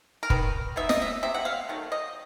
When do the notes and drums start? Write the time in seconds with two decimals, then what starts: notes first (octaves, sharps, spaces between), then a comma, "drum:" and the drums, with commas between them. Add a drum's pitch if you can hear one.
0.23 A#4
0.30 D#3 B4, drum: kick
0.76 F#3 B3 D#4 E5
0.89 D#5, drum: snare
1.02 E5
1.23 C3 E5
1.34 F#5
1.45 F5
1.69 D#3 F#3 A3
1.92 D#5